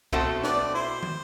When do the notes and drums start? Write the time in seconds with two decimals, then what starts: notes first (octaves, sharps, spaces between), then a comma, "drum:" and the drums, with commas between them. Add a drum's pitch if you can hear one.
0.13 B2 A3 C4 F#4 A4, drum: kick B1
0.44 B4 D5, drum: snare
0.74 E4 C5
1.03 drum: tom